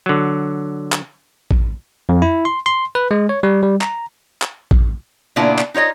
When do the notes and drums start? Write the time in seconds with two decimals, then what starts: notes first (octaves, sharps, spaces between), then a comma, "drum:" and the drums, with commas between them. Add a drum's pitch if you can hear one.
0.06 D3 F#3
0.92 drum: clap
1.51 drum: kick A1
2.09 F2
2.22 E4
2.45 C6
2.66 C6
2.95 B4
3.11 G#3
3.29 C#5
3.43 G3
3.63 G3
3.81 A#5, drum: clap
4.42 drum: clap
4.71 drum: kick A1
5.36 A#2 C#3 B3 D4 E4 F4
5.58 drum: clap
5.74 D#4 F4 C#5 D#5